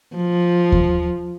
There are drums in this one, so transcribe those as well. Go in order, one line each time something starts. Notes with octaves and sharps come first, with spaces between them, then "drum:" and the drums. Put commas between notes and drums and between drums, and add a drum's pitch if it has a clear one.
F3
drum: kick D#2